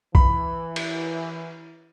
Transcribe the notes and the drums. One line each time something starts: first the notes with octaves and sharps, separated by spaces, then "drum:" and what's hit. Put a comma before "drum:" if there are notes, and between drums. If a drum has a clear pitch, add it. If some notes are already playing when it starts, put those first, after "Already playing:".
E3 B5, drum: kick B1
drum: cymbal